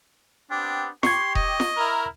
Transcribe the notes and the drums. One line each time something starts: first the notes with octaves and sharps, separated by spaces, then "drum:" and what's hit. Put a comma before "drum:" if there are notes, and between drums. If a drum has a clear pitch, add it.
B3 C4 D4 G4
G4 C6 C#6 G#6, drum: snare F4
D#5, drum: kick E1
drum: snare F4
E4 A#4